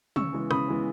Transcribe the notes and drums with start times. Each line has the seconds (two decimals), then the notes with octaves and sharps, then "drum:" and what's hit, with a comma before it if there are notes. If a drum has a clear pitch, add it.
0.16 C#3 C#6 E6, drum: tom
0.33 E3 G#3 B3
0.51 C#3 B5 D#6, drum: rim click
0.68 E3 G#3 B3